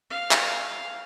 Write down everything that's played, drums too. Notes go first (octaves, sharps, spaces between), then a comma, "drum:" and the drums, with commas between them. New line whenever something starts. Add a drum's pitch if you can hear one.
F5
drum: clap